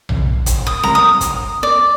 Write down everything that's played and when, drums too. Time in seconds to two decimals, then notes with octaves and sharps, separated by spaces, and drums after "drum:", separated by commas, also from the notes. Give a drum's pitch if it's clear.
0.09 drum: tom A#1
0.46 drum: kick, hi-hat
0.67 D#6
0.83 A#5, drum: snare C4
0.95 D#6
1.21 drum: kick, hi-hat
1.63 D5